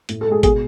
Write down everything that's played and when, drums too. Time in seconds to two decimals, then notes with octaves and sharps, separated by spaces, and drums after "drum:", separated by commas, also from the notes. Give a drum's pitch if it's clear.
0.09 A2, drum: hi-hat
0.21 A4
0.27 G#3 G#4
0.43 B2 G#4, drum: kick G#1, hi-hat